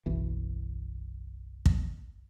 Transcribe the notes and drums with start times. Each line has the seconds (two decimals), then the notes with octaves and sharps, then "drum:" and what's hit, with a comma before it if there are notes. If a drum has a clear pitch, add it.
0.06 F#1 B1 E3
1.66 drum: kick